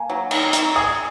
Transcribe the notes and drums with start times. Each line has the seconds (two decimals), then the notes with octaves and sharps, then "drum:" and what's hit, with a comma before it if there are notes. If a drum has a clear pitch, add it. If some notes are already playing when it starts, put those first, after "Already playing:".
Already playing: A#3 G#5
0.10 F#3
0.31 D#3, drum: cymbal
0.53 D#3, drum: hi-hat
0.76 G#4 D#6